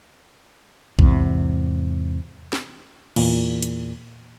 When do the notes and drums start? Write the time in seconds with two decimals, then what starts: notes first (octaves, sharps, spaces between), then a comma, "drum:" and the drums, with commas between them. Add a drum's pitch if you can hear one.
0.99 E2 G#2 C3, drum: kick
2.53 drum: snare
3.16 E2 A#2, drum: cymbal
3.62 drum: hi-hat